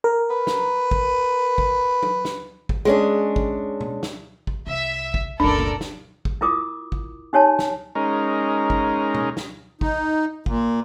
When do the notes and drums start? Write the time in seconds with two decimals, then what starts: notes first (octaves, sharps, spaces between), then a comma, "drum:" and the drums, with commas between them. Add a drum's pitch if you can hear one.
0.04 A#4
0.30 B4
0.47 drum: snare
0.91 drum: kick
1.58 drum: kick
2.03 drum: tom
2.25 drum: snare
2.69 drum: kick
2.85 G#3 C#4 D4
3.36 drum: kick
3.81 drum: tom
4.03 drum: snare
4.47 drum: kick
4.67 C2 E5
5.14 drum: kick
5.40 F#1 C#2 D4 A4 A#4 D5
5.59 drum: tom
5.81 drum: snare
6.25 drum: kick
6.41 E4 F4 A#4 D6 D#6
6.92 drum: kick
7.33 D#4 G4 C#5 G#5 A5
7.59 drum: snare
7.95 G#3 C#4 D#4 A#4
8.70 drum: kick
9.15 drum: tom
9.37 drum: snare
9.81 D#4, drum: kick
10.46 A#2, drum: kick